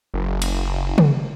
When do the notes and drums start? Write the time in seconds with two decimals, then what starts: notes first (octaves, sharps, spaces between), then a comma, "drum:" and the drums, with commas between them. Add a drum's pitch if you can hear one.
0.14 F#1
0.42 drum: cymbal
0.98 drum: tom